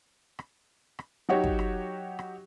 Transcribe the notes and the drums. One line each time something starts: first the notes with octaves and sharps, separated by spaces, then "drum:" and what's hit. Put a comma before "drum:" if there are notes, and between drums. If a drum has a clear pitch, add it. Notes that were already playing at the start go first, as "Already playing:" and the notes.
drum: rim click
drum: rim click
F#3 D#4 F#4 G4 C#5
drum: kick
drum: rim click
drum: rim click